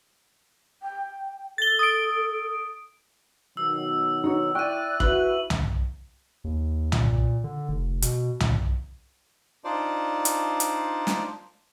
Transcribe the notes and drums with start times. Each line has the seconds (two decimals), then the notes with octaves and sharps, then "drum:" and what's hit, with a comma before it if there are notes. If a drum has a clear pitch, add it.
0.83 G5
1.58 A4 A6 G7
1.79 D#6 D7
3.57 B2 D#3 F#3 E6
4.24 D#4 F#4 C#5
4.55 E4 D5 G5 C#6 F#6 D#7
5.00 E4 F#4 B4 F#7, drum: kick
5.50 drum: tom C2
6.44 D#2
6.92 A#2, drum: tom C2
7.44 D3
7.69 F1
8.02 B2, drum: hi-hat
8.40 A#2, drum: tom C2
9.64 D4 D#4 F4 C5 D5
10.25 drum: hi-hat
10.60 drum: hi-hat
11.07 drum: snare